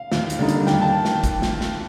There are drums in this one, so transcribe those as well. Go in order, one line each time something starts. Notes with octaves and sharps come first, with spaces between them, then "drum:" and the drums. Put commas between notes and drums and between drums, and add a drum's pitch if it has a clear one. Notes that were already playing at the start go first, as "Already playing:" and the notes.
Already playing: F5
D#2, drum: snare
drum: hi-hat
D3 G3 A#3 D#4
drum: hi-hat
D#2 G5, drum: snare
A5
drum: snare
drum: kick, hi-hat
drum: snare
drum: snare